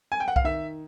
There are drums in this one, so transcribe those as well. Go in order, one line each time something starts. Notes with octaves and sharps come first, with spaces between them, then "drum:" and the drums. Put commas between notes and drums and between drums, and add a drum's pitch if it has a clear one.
G#5
G5
F#5
F5, drum: kick C2
D#3 E5